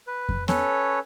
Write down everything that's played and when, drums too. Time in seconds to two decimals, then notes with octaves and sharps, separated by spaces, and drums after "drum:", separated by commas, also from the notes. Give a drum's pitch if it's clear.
0.07 B4
0.29 drum: kick F2
0.48 C#4 A4 B4 C#5, drum: snare B3